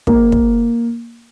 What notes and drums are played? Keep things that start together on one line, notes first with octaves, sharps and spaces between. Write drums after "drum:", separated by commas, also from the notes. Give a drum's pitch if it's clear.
A#3, drum: kick
drum: kick